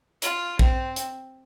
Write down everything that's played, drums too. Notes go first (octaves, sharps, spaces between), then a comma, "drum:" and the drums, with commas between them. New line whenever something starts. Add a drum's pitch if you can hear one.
F4, drum: hi-hat
C4, drum: kick
drum: hi-hat